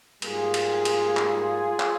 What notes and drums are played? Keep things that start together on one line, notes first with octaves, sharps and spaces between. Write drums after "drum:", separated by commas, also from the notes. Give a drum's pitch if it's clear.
G#2 G3 A#3 F4 G#4, drum: cymbal
drum: cymbal
drum: cymbal
drum: clap
drum: clap